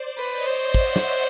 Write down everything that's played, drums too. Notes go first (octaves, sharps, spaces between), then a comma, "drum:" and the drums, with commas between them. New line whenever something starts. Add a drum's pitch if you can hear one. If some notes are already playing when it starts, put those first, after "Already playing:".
Already playing: C5 D5
B4
C#5 D#5
C5
E5 F#5, drum: kick
drum: snare